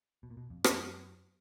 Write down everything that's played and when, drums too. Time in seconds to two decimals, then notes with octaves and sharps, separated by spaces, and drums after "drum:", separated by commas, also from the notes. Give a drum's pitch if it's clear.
0.23 B2
0.30 A#2
0.37 B2
0.50 F2
0.64 F#2, drum: rim click